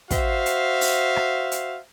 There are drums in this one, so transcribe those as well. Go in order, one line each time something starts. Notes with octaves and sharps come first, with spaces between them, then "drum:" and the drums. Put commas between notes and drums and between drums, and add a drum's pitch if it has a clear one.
F#4 C5 E5 F5, drum: kick, hi-hat
drum: hi-hat
drum: open hi-hat
drum: rim click
drum: hi-hat